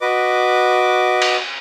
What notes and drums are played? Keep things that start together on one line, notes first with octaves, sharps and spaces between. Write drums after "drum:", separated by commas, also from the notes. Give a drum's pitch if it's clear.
F#4 B4 D#5 D6
drum: cymbal